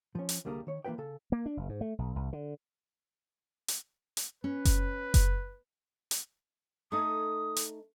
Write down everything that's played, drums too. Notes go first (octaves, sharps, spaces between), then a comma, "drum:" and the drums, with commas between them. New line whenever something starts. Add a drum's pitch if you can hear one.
F3 C#4
drum: hi-hat
C2 D3 G3 A#3 G#4 A#5
D#3 C#5
E3 A#3 F4 B4 G5
C#3 A4
A#3
D4
F#1
G#2
A3
B1
C2
D3
drum: hi-hat
drum: hi-hat
C#4 B4
drum: kick F#1, hi-hat
drum: kick F#1, hi-hat
drum: hi-hat
A3 D#4 D#6
drum: hi-hat